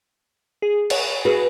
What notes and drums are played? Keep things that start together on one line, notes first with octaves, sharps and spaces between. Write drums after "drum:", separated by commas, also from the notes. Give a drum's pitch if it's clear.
G#4
C#5 F#5, drum: cymbal
F#4 G#4 B4